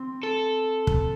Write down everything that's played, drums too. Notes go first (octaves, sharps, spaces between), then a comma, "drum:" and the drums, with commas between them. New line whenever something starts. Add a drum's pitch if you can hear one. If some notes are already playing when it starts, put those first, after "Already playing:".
Already playing: C4
A4
drum: kick